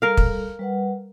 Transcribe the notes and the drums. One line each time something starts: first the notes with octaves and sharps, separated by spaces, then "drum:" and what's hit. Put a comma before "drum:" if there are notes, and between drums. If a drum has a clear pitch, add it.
G3 A4 A#4 F5
drum: kick
G3 B4 F#5